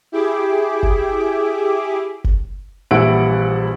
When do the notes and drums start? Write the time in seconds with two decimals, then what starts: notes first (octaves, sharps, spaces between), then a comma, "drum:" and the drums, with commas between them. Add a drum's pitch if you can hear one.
0.12 E4 G4 G#4 D6
0.83 drum: kick F#1
2.24 drum: kick F#1
2.91 A#1 E3 G3 E4 F#5 D7